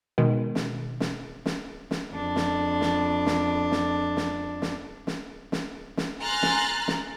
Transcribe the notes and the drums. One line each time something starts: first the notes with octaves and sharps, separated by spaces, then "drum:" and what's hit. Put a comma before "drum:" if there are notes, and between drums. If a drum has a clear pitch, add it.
B2 D#3 G#3
drum: snare
drum: snare
drum: snare
drum: snare
F2 D4
drum: snare
drum: snare
drum: snare
drum: snare
drum: snare
drum: snare
drum: snare
drum: snare
drum: snare
G#5 A#5 C6 F6 F#6 A6
drum: snare
drum: snare